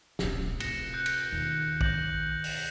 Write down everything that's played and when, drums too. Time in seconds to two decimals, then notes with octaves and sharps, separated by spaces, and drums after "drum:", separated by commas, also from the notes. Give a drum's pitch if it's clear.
0.19 D1 A#1, drum: snare
0.60 A2 C3 A#6 C#7 E7, drum: cymbal
0.94 F#6 G6 C#7
1.06 drum: cymbal
1.32 D#2 B2
1.81 G6 A#6 F#7, drum: kick A#1
2.44 drum: open hi-hat